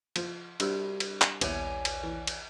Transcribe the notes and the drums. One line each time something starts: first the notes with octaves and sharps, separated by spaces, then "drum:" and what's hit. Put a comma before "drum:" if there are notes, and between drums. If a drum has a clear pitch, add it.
F3, drum: cymbal
C2 G3 D4 F#4 E6 F6, drum: cymbal
drum: cymbal
drum: clap
A#1 D#2 B3 E4 C#5 D5 G#5, drum: cymbal
drum: cymbal
E3
drum: cymbal